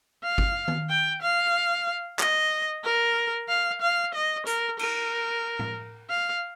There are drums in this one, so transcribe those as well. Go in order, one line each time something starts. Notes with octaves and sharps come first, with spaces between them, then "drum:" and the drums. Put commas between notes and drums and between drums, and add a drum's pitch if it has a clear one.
F5
drum: kick G1
drum: tom D#3
G5
F5
D#5, drum: clap
A#4
F5
F5
D#5
A#4, drum: hi-hat
A#4, drum: cymbal
drum: tom A2
F5